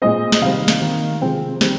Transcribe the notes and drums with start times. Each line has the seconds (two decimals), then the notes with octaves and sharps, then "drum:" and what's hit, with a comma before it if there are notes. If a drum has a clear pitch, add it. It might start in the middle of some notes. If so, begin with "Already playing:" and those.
0.02 A#2 G#3 C4 D#5
0.32 D#5, drum: snare
0.41 C3 D#3 G3 C4 F5
0.68 drum: snare
0.82 D#3 A#3
1.21 C3 F3 G#3 C4 G5
1.61 D#3 G3 C4, drum: snare